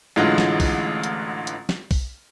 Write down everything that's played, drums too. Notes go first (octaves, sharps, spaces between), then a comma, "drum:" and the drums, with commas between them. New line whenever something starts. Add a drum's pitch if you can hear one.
A1 D3 E3 F#3 G#3 F4
drum: snare
drum: kick B1, open hi-hat
drum: hi-hat
drum: hi-hat
drum: snare
drum: kick B1, open hi-hat